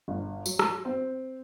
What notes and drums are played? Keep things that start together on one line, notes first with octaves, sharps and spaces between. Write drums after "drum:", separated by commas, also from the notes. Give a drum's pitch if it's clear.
G1
F#3, drum: tambourine
drum: rim click
C4